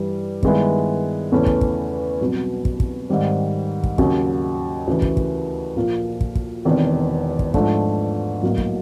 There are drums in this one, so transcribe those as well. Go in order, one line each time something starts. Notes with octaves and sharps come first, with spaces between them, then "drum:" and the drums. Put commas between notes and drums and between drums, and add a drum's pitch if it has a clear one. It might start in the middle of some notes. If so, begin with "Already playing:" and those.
Already playing: G2 E3 G3
G2 D#3 G#3 B3 E4, drum: kick
E2 C#3 E3 A3 C#4
drum: kick
drum: kick
C2 B2 F#3
drum: kick
drum: kick
G#2 D#3 G3 C4
drum: kick
D#2 C#3 F#3, drum: kick
D2 C#3 E3
drum: kick
drum: kick
A#1 A#2 F3 A#3
drum: kick
drum: kick
E1 E2 C3 D#3
drum: kick
G#2 F3 A3 D4, drum: kick
B1 A2 F#3 A#3
drum: kick